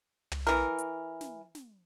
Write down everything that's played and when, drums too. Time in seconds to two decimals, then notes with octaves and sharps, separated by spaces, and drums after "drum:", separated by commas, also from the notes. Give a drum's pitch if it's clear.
0.32 drum: tom
0.47 E3 A#4, drum: snare
0.78 drum: hi-hat
1.21 drum: snare
1.55 drum: snare